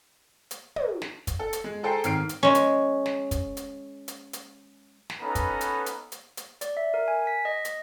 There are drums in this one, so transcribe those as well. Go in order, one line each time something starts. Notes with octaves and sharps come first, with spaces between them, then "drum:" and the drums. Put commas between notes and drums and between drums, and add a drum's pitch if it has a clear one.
drum: hi-hat
drum: tom
drum: snare
drum: kick, hi-hat
A4
drum: hi-hat
G#3
G#4 A4 C5 G5 A#5 C7
G#2 D#3 C4 F6 C7 D7, drum: hi-hat
drum: hi-hat
G#3 C#4
drum: hi-hat
drum: snare
drum: kick, hi-hat
drum: hi-hat
drum: hi-hat
drum: hi-hat
drum: snare
B3 C#4 D#4 A4 B4 A#5
drum: kick, hi-hat
drum: hi-hat
drum: hi-hat
drum: hi-hat
drum: hi-hat
D5, drum: hi-hat
E5
A#4
G#5
B6
D#5
drum: hi-hat